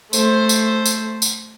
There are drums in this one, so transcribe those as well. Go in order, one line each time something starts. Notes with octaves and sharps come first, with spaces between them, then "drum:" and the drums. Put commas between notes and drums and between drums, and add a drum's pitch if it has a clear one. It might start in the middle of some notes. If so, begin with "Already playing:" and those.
A3 C5, drum: tambourine
drum: tambourine
drum: tambourine
drum: tambourine